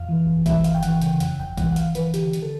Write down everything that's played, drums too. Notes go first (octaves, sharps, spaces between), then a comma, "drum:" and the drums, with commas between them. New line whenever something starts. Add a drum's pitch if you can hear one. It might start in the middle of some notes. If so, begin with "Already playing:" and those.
Already playing: F2 F5
E3
G1
E3 E5, drum: kick, hi-hat
G1 F5, drum: hi-hat
G5
E3 F#5, drum: hi-hat
C#3 G5, drum: hi-hat
F2 F#5, drum: hi-hat
G1 G5
E3 F#5, drum: kick, hi-hat
F#5
G1 F5, drum: hi-hat
E3 B4, drum: hi-hat
D3 G4, drum: hi-hat
D3, drum: hi-hat
A4